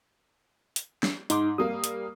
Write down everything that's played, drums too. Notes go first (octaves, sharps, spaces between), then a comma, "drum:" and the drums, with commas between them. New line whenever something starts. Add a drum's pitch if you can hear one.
drum: hi-hat
drum: snare
G#2 D#4 C6 D6, drum: hi-hat
G3 A#3 D#6
drum: hi-hat